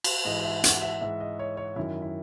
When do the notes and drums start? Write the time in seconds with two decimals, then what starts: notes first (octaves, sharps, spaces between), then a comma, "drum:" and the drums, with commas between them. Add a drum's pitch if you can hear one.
0.04 drum: cymbal
0.25 G#2 E3 D#5
0.44 E5
0.64 F#5, drum: hi-hat
0.82 E5
1.01 G#2 E3 E5
1.20 D#5
1.39 C#5
1.57 C#5
1.76 F#2 D#3 E4
2.02 E4